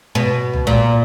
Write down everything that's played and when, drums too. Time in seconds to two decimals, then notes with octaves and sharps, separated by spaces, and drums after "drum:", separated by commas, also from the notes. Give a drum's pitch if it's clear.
0.15 B2
0.53 drum: tom B1
0.67 A#2